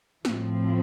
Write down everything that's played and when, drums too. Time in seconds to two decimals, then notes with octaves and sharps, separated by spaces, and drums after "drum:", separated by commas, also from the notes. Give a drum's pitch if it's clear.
0.25 A2 F3 C4, drum: snare